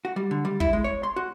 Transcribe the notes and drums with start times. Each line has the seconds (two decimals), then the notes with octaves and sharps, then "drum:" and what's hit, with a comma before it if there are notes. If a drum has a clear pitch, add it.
0.05 F#4
0.16 G3
0.31 D3
0.45 G3
0.60 E4, drum: kick
0.73 G#3
0.84 C#5
1.03 C6
1.16 F#4